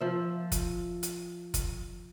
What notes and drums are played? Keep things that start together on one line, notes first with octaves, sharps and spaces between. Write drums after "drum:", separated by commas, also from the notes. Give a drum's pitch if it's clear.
F3 E5
drum: kick F#1, hi-hat
drum: hi-hat
drum: kick F#1, hi-hat